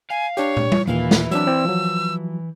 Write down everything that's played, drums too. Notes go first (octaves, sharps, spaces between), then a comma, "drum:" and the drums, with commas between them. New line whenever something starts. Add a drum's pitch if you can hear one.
F5 G#5
D4 G4 C#5
drum: tom
drum: tom G3
D#2 A#2 E3 B4 F5
drum: snare
F#3 C4 D4 E6
C4 E4 D5
F3 F#3